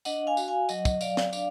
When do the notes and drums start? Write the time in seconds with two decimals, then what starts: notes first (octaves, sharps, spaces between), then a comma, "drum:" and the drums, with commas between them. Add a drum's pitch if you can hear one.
0.05 D4 D#5 F#5, drum: tambourine
0.27 F5 G#5
0.37 F#4, drum: tambourine
0.48 F5 G#5
0.69 F#3 D#5 F#5, drum: tambourine
0.85 drum: kick, tambourine
1.01 F#3 D5 F5, drum: tambourine
1.17 drum: snare
1.33 D4 D5 F5, drum: tambourine